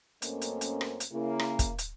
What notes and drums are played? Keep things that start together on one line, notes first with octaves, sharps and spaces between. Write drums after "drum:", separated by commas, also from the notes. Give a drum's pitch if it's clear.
F#2 A3 A#3 C4 C#4 D#5, drum: hi-hat
drum: hi-hat
drum: hi-hat
drum: rim click
drum: hi-hat
C#3 A#3 E4
drum: rim click
drum: kick, hi-hat
drum: hi-hat